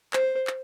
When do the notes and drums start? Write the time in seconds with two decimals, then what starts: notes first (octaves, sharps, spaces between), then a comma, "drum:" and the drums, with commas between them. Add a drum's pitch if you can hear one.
0.13 C5, drum: clap
0.47 drum: clap